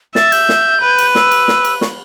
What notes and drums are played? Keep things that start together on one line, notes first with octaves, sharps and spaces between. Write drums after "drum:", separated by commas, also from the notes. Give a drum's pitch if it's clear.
E5 A6, drum: snare
G6, drum: cymbal
drum: snare
B4
drum: cymbal
E6, drum: snare
drum: cymbal
drum: snare
drum: cymbal
C#6, drum: snare